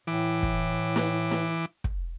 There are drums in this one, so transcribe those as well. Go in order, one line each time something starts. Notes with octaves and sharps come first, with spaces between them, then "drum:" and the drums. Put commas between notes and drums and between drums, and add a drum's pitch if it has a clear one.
A2 E3 D6
drum: kick
drum: snare
drum: snare
drum: kick